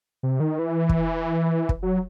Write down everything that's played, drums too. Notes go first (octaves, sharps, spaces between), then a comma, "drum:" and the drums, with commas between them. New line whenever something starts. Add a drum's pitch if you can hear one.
C3
D#3
E3
drum: kick
drum: kick
F#3